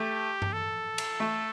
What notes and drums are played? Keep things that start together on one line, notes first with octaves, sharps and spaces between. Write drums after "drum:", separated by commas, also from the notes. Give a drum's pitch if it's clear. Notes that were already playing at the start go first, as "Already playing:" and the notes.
Already playing: A3 G4
drum: tom G2
A4
drum: cymbal
A3